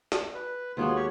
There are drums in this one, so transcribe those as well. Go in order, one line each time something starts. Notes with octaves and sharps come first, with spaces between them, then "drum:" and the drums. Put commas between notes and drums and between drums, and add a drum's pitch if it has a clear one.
drum: snare
B4
D#2 G#3 B3 F4 F#4
G4 C#5 C#6